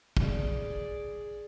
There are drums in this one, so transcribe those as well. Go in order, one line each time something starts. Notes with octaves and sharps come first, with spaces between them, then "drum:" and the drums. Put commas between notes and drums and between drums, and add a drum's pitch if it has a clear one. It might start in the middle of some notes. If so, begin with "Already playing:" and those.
G#4 D5, drum: kick